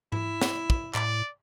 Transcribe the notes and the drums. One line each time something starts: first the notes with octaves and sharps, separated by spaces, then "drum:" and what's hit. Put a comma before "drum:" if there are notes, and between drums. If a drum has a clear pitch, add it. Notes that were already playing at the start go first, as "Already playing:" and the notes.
E4, drum: tom G#2
drum: snare
drum: kick
A2 D5, drum: clap